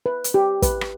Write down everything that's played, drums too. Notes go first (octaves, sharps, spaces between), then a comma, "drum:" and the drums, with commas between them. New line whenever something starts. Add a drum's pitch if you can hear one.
B4
drum: hi-hat
G4
B4, drum: kick, hi-hat
drum: rim click